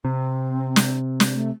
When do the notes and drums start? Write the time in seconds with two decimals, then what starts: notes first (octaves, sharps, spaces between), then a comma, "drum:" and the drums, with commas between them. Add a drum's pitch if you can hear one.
0.05 C3 C4
0.76 drum: snare
1.20 drum: snare
1.34 A3